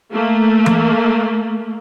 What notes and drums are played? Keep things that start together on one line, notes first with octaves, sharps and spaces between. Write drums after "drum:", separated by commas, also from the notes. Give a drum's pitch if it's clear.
A3 A#3
drum: tom E3